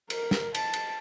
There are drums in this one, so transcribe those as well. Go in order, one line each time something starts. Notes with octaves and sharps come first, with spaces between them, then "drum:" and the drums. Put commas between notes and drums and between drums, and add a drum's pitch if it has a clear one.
A#4, drum: cymbal
drum: snare
A5, drum: cymbal
drum: cymbal